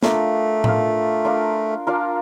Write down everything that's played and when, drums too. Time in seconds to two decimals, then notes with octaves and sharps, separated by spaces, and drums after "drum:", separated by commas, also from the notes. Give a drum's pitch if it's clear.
0.03 A3 D4 F4 A#4 F5, drum: snare
0.64 D4 F4 A#4 F5, drum: tom A2
1.25 D4 F4 A#4 F5
1.87 D4 F4 A#4 F5